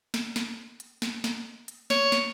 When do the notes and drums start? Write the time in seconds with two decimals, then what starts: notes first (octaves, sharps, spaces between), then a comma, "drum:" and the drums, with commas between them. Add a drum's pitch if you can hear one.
0.14 drum: snare
0.36 drum: snare
0.80 drum: hi-hat
1.02 drum: snare
1.24 drum: snare
1.68 drum: hi-hat
1.90 C#5, drum: snare
2.12 drum: snare